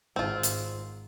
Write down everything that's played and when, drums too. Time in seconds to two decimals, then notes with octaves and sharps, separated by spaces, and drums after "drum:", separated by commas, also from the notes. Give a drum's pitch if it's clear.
0.16 G#1 C4 F4
0.43 drum: hi-hat